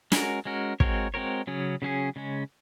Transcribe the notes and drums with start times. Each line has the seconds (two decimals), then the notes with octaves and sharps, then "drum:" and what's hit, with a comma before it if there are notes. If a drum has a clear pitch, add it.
0.12 G#3 C#4 F#4 A#4, drum: snare
0.45 G#3 C#4 F#4 A#4
0.80 G#3 C4 F#4 A#4 C#5, drum: kick
1.14 G#3 C4 F#4 A#4 C#5
1.47 C#3 F#3 C#4 G#4
1.82 C#3 F#3 C#4 G#4
2.16 C#3 G#3 C#4